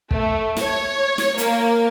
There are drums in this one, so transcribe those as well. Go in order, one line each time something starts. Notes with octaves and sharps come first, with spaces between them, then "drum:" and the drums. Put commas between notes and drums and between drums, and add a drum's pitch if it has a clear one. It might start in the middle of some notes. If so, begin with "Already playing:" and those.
A3, drum: kick
C#5, drum: snare
drum: snare
A#3, drum: hi-hat